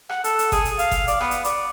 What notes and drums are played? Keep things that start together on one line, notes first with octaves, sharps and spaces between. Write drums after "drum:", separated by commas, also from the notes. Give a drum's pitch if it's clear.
F#5, drum: rim click
A4, drum: hi-hat
drum: hi-hat
G#4, drum: kick G1, hi-hat
drum: hi-hat
F5, drum: hi-hat
drum: kick G1, hi-hat
D5, drum: hi-hat
B3, drum: rim click
drum: hi-hat
D5, drum: hi-hat